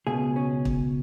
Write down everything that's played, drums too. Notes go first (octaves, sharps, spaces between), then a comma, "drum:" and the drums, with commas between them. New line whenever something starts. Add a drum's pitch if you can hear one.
C#2 B2 G#4
C#4
drum: kick